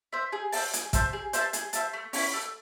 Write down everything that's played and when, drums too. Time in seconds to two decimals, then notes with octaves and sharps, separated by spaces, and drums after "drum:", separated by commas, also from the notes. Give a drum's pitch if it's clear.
0.13 C5 E5
0.32 G#4
0.52 C5 E5 A5, drum: open hi-hat
0.73 G#4, drum: hi-hat
0.93 C5 E5 A5, drum: kick A1, hi-hat
1.13 G#4
1.33 C5 E5 A5, drum: hi-hat
1.53 G#4, drum: hi-hat
1.73 C5 E5 A5, drum: hi-hat
1.93 A3
2.13 C#4 E4, drum: open hi-hat
2.33 A3